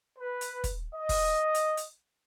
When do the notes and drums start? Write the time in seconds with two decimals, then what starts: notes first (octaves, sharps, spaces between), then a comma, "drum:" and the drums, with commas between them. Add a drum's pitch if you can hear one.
0.18 B4
0.41 drum: hi-hat
0.64 drum: kick, hi-hat
0.95 D#5
1.09 drum: kick, open hi-hat
1.54 drum: hi-hat
1.77 drum: hi-hat